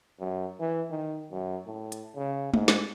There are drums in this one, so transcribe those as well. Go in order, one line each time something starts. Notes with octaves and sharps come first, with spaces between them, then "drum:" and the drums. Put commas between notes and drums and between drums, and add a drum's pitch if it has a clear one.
F#2
E3
D#3
F#2
A2
drum: hi-hat
C#3
G#2, drum: tom G#3
drum: snare